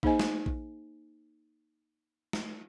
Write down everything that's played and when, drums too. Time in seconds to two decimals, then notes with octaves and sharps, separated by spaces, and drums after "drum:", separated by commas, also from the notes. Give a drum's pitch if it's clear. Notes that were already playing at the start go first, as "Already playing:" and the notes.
0.03 A#3 D#4 G#4 C5 D#5 G#5, drum: kick A#1
0.20 drum: snare
0.46 drum: kick A#1
2.33 drum: snare